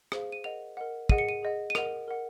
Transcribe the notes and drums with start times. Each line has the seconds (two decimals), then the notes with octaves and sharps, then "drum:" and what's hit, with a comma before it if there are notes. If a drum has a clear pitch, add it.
0.12 G#4 C5 F5, drum: rim click
0.32 D#7
0.44 A#4 D#5 F#5 F7
0.77 A#4 D#5 F#5
1.09 G#4 D#5 F#5 D#7, drum: kick
1.18 C#7
1.29 D#7
1.43 G#4 D#5 F#5
1.70 D#7
1.75 A#4 D#5 F#5 F7, drum: rim click
2.08 A#4 D#5 F#5